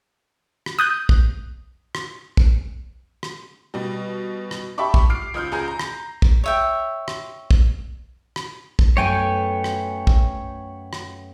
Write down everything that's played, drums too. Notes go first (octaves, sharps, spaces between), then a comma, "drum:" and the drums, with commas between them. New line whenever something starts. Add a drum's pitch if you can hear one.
drum: rim click
D#6 F#6 G6
drum: kick
drum: rim click
drum: kick
drum: rim click
B2 G3
drum: rim click
G4 E5 A5 B5 C#6 D6
drum: kick
D6 F6 C7 D7
C#2 D#6 F6 G6
C#2 G#4 G#5 A#5 G6
A#5
drum: rim click
drum: kick
C#5 E5 G5
drum: rim click
drum: kick
drum: rim click
drum: kick
F#2 A3 B3 C#5 G5 G#5
drum: rim click
drum: kick
drum: rim click